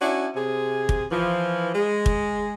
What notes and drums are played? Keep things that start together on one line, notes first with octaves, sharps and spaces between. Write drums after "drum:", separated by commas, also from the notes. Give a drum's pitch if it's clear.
C#4 D4 E4 F#4
C3 G#4
drum: kick
E3 F3
G#3
drum: kick